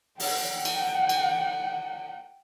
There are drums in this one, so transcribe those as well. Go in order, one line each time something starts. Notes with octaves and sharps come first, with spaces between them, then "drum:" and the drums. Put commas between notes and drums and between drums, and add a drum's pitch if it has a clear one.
F#5 G5, drum: open hi-hat
drum: cymbal
drum: cymbal